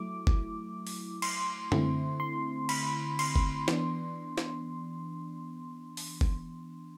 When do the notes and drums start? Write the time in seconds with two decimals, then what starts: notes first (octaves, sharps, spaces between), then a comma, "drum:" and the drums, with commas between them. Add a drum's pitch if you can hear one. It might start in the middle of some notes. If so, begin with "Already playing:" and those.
Already playing: F#3 A3 E4 D6
0.27 drum: kick F#1
0.87 drum: open hi-hat
1.22 C6, drum: cymbal
1.72 D3 A3 C4 E4, drum: tom
2.20 C6
2.69 B5, drum: cymbal
3.19 C6, drum: cymbal
3.36 drum: kick F#1
3.68 E3 B3 D4, drum: snare
4.38 drum: snare
5.97 drum: open hi-hat
6.21 drum: kick F#1